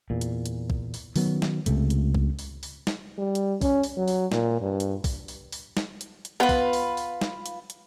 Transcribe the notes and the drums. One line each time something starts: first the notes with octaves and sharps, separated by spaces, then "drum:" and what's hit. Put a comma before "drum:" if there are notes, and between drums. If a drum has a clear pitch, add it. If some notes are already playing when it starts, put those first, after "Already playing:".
E2 A#2
drum: hi-hat
drum: hi-hat
drum: kick
drum: open hi-hat
D#3 F#3 B3 C#4, drum: open hi-hat
drum: snare
C#2 C3 A3, drum: hi-hat
drum: hi-hat
drum: kick
drum: open hi-hat
drum: open hi-hat
drum: snare
G3
drum: hi-hat
C#4, drum: kick, open hi-hat
drum: open hi-hat
F#3
drum: open hi-hat
A#2, drum: snare
G2
drum: hi-hat
drum: kick, open hi-hat
drum: open hi-hat
drum: open hi-hat
drum: snare
drum: hi-hat
drum: hi-hat
B3 F4 B4
drum: kick, open hi-hat
drum: open hi-hat
drum: open hi-hat
drum: snare
drum: hi-hat
drum: hi-hat